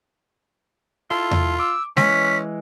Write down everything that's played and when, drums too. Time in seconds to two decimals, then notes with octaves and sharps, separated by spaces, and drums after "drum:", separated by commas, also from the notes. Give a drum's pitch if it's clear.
1.11 E4 F4 A4
1.31 drum: tom E2
1.59 D6 E6
1.97 E3 G#3 C#4 B6, drum: snare G#3